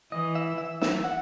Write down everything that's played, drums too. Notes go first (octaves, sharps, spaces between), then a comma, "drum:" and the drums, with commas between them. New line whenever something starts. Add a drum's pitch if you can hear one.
E3 D#5
E5
E5
E5, drum: snare
F#5